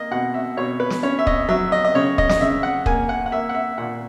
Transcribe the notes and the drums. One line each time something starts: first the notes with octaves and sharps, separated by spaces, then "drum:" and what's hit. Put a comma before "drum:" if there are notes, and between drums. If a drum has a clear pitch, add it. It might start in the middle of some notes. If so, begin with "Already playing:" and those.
Already playing: A#3 D#5
B2 F#5
E5
B2 C#5
B4
drum: snare
C#4 C#5
E5
D#5, drum: kick
F#3 E5
D#5
D#5
C#3 C#5
D#5, drum: kick
D#5, drum: snare
C#3 E5
F#5
A#3 G#5, drum: kick
F#5
F#5
A#3 E5
F#5
E5
A#2 F#5